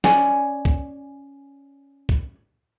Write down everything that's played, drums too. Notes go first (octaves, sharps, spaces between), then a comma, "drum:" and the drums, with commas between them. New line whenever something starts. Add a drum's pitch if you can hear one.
C#4 D5 G#5, drum: snare
drum: kick C2
drum: kick C2